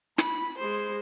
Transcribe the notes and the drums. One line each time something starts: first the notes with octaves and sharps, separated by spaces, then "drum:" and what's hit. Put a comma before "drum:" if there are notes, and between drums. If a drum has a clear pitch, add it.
B5, drum: snare
G#3 C5